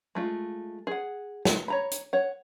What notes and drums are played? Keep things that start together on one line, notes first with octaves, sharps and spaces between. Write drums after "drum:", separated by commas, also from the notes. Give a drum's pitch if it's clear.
G#3 A3 F4
G#4 F#5
drum: snare
C#5 A#5 B5
drum: hi-hat
C#5 F#5